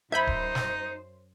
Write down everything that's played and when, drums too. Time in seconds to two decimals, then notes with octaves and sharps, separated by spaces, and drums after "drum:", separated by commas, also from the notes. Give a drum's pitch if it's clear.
0.12 F#2 D#4 C5 E5 B5 G6 G#6
0.27 drum: kick D1
0.55 drum: snare